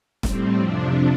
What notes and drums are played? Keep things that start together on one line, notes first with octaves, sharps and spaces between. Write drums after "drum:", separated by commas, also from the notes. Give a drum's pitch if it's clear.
A2 G3 C4, drum: snare
F2 C3 F3 D4